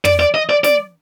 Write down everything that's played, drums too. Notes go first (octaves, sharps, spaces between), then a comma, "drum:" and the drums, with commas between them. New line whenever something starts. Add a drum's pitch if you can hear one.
D5, drum: tom
D5
D#5
D5
D5, drum: snare